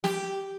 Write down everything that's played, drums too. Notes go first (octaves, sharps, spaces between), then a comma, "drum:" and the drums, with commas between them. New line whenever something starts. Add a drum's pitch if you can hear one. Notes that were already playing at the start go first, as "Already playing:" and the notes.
G4, drum: snare